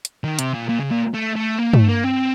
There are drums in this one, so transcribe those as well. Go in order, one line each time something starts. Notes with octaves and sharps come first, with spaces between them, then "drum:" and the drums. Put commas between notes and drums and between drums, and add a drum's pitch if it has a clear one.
drum: hi-hat
D#3
C3, drum: hi-hat
A#2
A#2
C#3
A#2
A3
A3
A#3
A3, drum: tom
A#3
C4